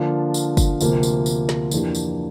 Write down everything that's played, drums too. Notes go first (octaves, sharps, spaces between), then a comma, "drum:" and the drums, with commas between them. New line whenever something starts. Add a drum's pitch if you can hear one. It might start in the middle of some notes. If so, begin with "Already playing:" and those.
Already playing: D3 F3 A#3 D4 F4
drum: tambourine
drum: kick, tambourine
D2 C3 F3 A#3, drum: tambourine
drum: tambourine
drum: tambourine
drum: snare
F2 E3 A#3 D4 G4, drum: tambourine
drum: tambourine